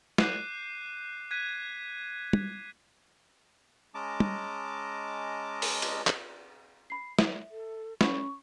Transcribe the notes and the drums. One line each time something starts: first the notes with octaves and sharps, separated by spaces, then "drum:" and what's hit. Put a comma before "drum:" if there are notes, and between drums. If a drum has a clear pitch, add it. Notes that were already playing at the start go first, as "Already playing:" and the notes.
D6 F#6 G6 C7 D#7, drum: snare
F#6 G#6 B6 D#7
drum: tom
G#3 C#4 D#5 A5 A#5 D6
drum: tom
drum: open hi-hat
drum: cymbal
drum: clap
B5 C7
E5, drum: snare
A4
C#4 B5 C#6, drum: snare